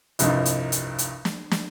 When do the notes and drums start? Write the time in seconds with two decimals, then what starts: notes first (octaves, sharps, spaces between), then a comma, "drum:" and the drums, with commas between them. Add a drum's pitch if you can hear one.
0.19 F1 C2 G2 F3 D#4, drum: hi-hat
0.45 drum: hi-hat
0.72 drum: hi-hat
0.98 drum: hi-hat
1.25 drum: snare
1.51 drum: snare